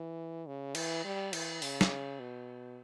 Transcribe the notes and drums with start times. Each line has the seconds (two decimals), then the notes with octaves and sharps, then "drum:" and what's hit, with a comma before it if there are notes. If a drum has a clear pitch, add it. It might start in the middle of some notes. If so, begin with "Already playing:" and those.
Already playing: E3
0.46 C#3
0.75 E3, drum: cymbal
1.04 G3
1.33 E3, drum: cymbal
1.62 C#3, drum: open hi-hat
1.81 drum: snare
2.20 B2